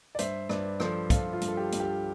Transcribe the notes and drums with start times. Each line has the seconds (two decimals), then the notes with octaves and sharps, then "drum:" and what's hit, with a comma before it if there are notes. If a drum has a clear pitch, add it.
0.15 D5
0.19 G2 C5 E5, drum: hi-hat
0.49 G2 B4 D5, drum: rim click
0.80 F3 A4 C5, drum: rim click
1.10 F3 F4 A4, drum: kick, hi-hat
1.33 F4
1.42 G2, drum: hi-hat
1.48 A4
1.57 G4
1.72 G2, drum: hi-hat
1.80 G4